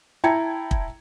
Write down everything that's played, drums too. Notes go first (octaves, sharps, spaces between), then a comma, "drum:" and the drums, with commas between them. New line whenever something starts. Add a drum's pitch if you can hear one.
E4 G5 A5 A#5 G#6 C#7
drum: kick